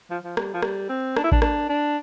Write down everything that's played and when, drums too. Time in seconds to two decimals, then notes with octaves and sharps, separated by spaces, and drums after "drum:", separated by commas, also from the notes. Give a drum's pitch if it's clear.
0.10 F3
0.24 F3
0.37 G3, drum: rim click
0.53 F3
0.62 G3, drum: rim click
0.89 C4
1.17 D4, drum: rim click
1.24 E4
1.32 D4, drum: kick A1
1.42 D4, drum: rim click
1.69 D4